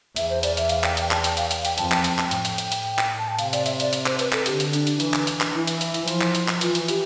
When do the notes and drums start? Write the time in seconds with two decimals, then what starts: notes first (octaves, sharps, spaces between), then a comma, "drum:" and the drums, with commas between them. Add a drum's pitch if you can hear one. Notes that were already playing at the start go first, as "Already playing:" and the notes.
0.16 E2 E5, drum: hi-hat
0.30 C5
0.43 D5, drum: hi-hat
0.57 E5, drum: hi-hat
0.69 F5, drum: hi-hat
0.84 G5, drum: clap
0.97 G5, drum: hi-hat
1.11 A5, drum: clap
1.24 G5, drum: hi-hat
1.37 F5, drum: hi-hat
1.51 F5, drum: hi-hat
1.65 G5, drum: hi-hat
1.78 F2 A5, drum: hi-hat
1.92 G5, drum: clap
2.04 A5, drum: hi-hat
2.19 G5, drum: clap
2.31 A2, drum: hi-hat
2.45 drum: hi-hat
2.58 drum: hi-hat
2.72 drum: hi-hat
2.99 drum: clap
3.18 A5
3.28 G5
3.39 C3 F5, drum: hi-hat
3.53 D5, drum: hi-hat
3.66 E5, drum: hi-hat
3.80 D5, drum: hi-hat
3.93 drum: hi-hat
4.06 C5, drum: clap
4.19 B4, drum: hi-hat
4.32 A4, drum: clap
4.46 D3 G4, drum: hi-hat
4.60 drum: hi-hat
4.73 D4, drum: hi-hat
4.87 drum: hi-hat
5.00 E3, drum: hi-hat
5.14 drum: clap
5.27 drum: hi-hat
5.41 drum: clap
5.54 E3 E4
5.67 drum: hi-hat
5.81 drum: hi-hat
5.94 drum: hi-hat
6.08 F3, drum: hi-hat
6.21 drum: clap
6.35 drum: hi-hat
6.48 drum: clap
6.61 E3 F4, drum: hi-hat
6.75 drum: hi-hat
6.88 G4, drum: hi-hat